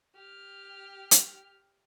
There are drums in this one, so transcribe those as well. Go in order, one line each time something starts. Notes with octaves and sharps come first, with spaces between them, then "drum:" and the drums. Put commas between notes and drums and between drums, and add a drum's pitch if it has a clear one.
G4 F6
drum: hi-hat